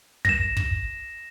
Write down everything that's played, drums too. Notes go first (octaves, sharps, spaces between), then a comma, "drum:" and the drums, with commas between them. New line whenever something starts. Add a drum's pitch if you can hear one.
A#6 E7, drum: kick
drum: kick